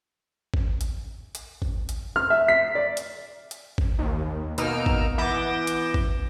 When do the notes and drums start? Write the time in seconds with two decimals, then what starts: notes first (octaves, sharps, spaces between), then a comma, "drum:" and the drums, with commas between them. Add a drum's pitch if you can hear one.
0.54 drum: kick G#1
0.81 drum: hi-hat
1.35 drum: hi-hat
1.62 drum: kick G#1
1.89 drum: hi-hat
2.16 F6
2.30 E5
2.48 B6
2.75 D5
2.97 drum: hi-hat
3.51 drum: hi-hat
3.78 drum: kick G#1
3.99 D#2
4.58 B2 A#3 D#4 E6 F6 D7, drum: hi-hat
4.86 drum: kick G#1
5.18 E3 B3 D6 G6 A#6 E7
5.67 drum: hi-hat
5.94 drum: kick G#1